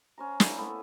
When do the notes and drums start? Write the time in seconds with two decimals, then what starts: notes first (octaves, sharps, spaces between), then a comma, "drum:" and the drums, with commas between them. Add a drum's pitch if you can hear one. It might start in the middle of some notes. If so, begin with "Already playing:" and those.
0.18 C#4 C5 A#5
0.40 A#3 E4, drum: snare
0.58 A3 B3 E4